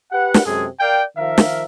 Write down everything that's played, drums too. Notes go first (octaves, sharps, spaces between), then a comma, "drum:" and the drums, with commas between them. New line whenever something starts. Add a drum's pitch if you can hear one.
G4 B4 F#5
drum: snare
F#2 C3 G#3 G#4 A4
A#4 D5 F5 G5
D#3 F3 A#4 E5 F5
drum: snare